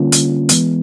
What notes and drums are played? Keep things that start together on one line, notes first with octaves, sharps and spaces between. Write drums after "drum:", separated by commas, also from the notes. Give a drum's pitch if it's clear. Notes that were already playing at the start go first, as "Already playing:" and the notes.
Already playing: D3 G3 A#3 C#4 F4
drum: hi-hat
E3 G#3 B3, drum: hi-hat